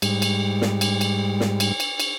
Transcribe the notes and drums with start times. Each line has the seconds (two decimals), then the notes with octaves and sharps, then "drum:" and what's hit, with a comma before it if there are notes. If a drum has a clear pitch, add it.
0.02 G#2 G3, drum: cymbal
0.22 drum: cymbal
0.61 drum: snare
0.81 drum: cymbal
1.01 drum: cymbal
1.40 drum: snare
1.60 drum: cymbal
1.80 drum: cymbal
2.00 drum: cymbal